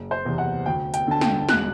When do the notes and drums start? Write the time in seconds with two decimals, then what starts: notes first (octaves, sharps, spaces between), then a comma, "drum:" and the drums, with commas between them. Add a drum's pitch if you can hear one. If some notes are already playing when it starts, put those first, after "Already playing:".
Already playing: F#1
0.11 C5
0.25 E2 C3
0.38 F#5
0.66 D2 G5
0.94 G5, drum: hi-hat
1.07 D3 A5
1.21 G5, drum: snare
1.49 E1 F#6, drum: snare